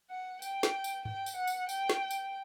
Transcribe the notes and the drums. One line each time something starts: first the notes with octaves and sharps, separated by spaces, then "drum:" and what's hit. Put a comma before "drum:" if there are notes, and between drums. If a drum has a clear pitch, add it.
F#5
G5, drum: tambourine
drum: snare
drum: tambourine
G5, drum: tom G2
drum: tambourine
F#5
drum: tambourine
G5, drum: tambourine
drum: snare
drum: tambourine